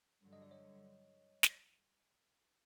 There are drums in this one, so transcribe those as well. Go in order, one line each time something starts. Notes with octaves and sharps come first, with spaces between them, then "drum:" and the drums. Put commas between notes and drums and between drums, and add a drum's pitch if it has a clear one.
G2 D3 F#3
D#5
D5
C#5 D#5
drum: snare